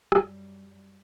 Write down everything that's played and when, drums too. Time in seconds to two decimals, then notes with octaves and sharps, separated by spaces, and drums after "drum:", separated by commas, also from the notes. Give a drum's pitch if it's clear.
0.12 F#2 G3, drum: rim click